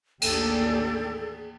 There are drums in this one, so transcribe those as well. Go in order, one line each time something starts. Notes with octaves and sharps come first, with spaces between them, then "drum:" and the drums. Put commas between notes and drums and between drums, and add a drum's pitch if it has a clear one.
A1 D#2 D4 G#4 A4 G5, drum: cymbal